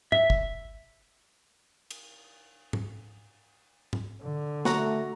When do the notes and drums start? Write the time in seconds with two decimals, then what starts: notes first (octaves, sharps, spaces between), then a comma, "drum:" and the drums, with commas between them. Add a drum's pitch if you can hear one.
0.12 E5, drum: tom G#2
0.30 drum: kick
1.91 drum: cymbal
2.73 drum: tom G#2
3.93 drum: tom G#2
4.23 D3
4.65 A3 F#4 A#5, drum: snare